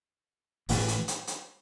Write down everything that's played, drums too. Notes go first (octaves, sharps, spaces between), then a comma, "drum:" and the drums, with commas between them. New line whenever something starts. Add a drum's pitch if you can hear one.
A2 E3 A3, drum: kick, open hi-hat
drum: hi-hat
drum: hi-hat
drum: hi-hat